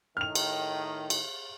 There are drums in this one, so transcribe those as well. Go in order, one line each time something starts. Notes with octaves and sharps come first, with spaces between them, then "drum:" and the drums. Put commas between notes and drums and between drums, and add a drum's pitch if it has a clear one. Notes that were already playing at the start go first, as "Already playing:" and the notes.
A2 D#3 F6 F7
drum: cymbal
drum: cymbal